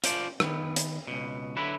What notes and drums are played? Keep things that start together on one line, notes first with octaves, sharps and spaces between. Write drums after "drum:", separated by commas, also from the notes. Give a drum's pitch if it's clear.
F4 C5 D5 A5, drum: hi-hat
D#3 B3, drum: rim click
drum: hi-hat
C#2 B2
D3 F#3 E4 B4